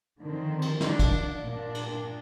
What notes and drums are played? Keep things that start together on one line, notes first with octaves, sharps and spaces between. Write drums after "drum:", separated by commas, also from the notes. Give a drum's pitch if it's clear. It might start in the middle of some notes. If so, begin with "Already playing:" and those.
D3 D#3 F3 C4
drum: cymbal
D4, drum: snare
drum: kick, cymbal
A#2 D4
drum: cymbal